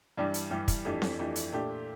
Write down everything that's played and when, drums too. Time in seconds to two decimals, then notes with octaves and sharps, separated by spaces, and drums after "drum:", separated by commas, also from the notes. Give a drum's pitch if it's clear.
0.17 G2 E3 G3 D4 G4
0.34 drum: hi-hat
0.50 G2 E3 G3 D4 G4
0.68 drum: kick, hi-hat
0.85 F2 E3 A3 D4 G4
1.02 drum: snare C4
1.19 F2 E3 A3 D4 G4
1.36 drum: hi-hat
1.52 A#2 A3 D4 G4